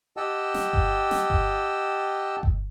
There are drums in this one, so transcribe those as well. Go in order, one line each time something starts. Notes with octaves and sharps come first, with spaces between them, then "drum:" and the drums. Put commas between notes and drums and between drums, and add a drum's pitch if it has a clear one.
G4 D#5 F#5 G5 A5 E6
drum: snare
drum: kick G1
drum: snare
drum: kick G1
drum: kick G1